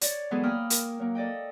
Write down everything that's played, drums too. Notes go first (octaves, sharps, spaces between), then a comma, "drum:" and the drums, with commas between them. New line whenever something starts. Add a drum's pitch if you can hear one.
C#5 D5, drum: hi-hat
E3 F#3 G#3 B3 G#4 A4
A#3 G5 B5 D#6 F6
A#4, drum: hi-hat
F#3 A#3
A4 D5 D#5 G5